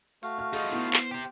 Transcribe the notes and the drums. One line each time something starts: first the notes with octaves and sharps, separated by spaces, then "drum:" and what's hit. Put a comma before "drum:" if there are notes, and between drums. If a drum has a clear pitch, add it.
A3 F#4 F5, drum: open hi-hat
F6
D#4 F4 G#4
B3 E4
C5, drum: clap
G4 C5